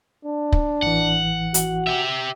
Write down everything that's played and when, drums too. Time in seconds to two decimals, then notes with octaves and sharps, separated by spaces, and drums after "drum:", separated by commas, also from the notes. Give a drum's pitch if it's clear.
0.25 D4
0.52 drum: kick
0.83 A1 E3 F#5
1.54 F#4, drum: hi-hat
1.87 G4 E5